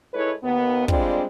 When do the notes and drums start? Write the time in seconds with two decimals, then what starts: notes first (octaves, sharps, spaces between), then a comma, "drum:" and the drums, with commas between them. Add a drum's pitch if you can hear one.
0.14 G#3 E4 A4 B4 C#5
0.43 D#2 B3
0.88 G3 G#3 C4 D4 F4, drum: kick